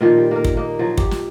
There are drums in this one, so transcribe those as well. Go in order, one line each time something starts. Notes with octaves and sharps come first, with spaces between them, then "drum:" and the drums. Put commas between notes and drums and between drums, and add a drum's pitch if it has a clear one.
A#2 D#3 F3
G3
A#3 A#4
drum: kick
A#3 D#4
F3 F#3
G4, drum: kick
drum: snare